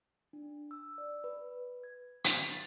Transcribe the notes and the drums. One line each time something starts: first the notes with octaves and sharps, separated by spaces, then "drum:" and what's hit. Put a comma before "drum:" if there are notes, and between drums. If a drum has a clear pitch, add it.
D4
E6
D5
B4
G#6
drum: hi-hat
A6